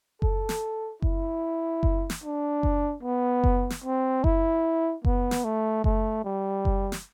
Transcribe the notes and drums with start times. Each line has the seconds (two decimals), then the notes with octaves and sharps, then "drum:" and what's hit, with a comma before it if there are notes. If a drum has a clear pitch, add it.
0.22 A4, drum: kick F#1
0.49 drum: snare
1.02 E4, drum: kick F#1
1.83 drum: kick F#1
2.10 drum: snare
2.24 D4
2.63 drum: kick F#1
3.03 B3
3.44 drum: kick F#1
3.70 drum: snare
3.84 C4
4.24 E4, drum: kick F#1
5.05 B3, drum: kick F#1
5.31 drum: snare
5.44 A3
5.84 A3, drum: kick F#1
6.24 G3
6.65 drum: kick F#1
6.92 drum: snare